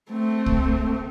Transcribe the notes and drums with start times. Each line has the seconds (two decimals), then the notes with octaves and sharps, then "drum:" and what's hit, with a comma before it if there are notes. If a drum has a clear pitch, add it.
0.11 A3 C4
0.46 drum: kick